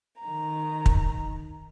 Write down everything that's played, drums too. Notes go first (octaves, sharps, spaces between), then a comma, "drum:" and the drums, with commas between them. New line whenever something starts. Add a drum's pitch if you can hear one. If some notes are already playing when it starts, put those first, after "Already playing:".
D#3 A#5
drum: kick